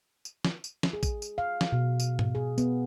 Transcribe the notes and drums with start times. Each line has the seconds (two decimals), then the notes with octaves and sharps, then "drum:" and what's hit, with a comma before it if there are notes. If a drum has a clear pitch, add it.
0.25 drum: tambourine
0.45 drum: snare
0.64 drum: tambourine
0.83 drum: snare
0.93 G#4
1.03 drum: kick, tambourine
1.22 drum: tambourine
1.38 F5
1.61 drum: snare
1.72 B2
2.00 drum: tambourine
2.19 drum: tom G#2
2.35 G#4
2.58 B3, drum: tambourine